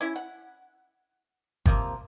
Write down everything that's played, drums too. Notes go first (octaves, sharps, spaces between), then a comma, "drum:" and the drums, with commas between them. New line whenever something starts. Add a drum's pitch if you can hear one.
C#4 E4
F#5
C3 F3 A#3, drum: kick